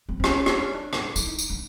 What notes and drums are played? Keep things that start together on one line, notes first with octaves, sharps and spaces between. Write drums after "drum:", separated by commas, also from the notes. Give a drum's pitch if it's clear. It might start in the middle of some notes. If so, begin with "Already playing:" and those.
C4
C4
C#4, drum: rim click
D4, drum: rim click
C#4
D4
drum: rim click
E4, drum: tambourine
D#4
drum: tambourine
D4